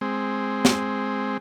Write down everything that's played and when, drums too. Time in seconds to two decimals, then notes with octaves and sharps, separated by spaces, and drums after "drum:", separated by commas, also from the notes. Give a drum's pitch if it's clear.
0.01 G#3 C4
0.65 drum: snare